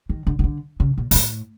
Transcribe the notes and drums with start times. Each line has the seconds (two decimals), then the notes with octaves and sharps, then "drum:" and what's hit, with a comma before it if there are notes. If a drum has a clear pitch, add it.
0.09 D#3
0.27 D3
0.39 D#3
0.44 D3
0.80 C#3
0.98 A#2
1.11 G#2, drum: open hi-hat
1.15 A2